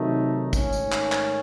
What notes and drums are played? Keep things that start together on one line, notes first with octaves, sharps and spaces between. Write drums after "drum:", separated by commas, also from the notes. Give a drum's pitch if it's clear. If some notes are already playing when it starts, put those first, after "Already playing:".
Already playing: C3 D#3 F#3 A3 D#4
G#2 D#3 A3 C#4, drum: kick, tambourine
drum: tambourine
drum: clap
drum: clap